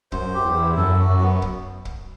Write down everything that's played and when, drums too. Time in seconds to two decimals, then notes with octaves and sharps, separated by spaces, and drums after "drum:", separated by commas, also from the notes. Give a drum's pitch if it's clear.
0.12 F#2 C5, drum: kick
0.34 G4
0.45 E2
0.56 E4
0.77 F#2 A4
0.99 F#4
1.10 F#2
1.20 B3
1.42 drum: kick
1.85 drum: kick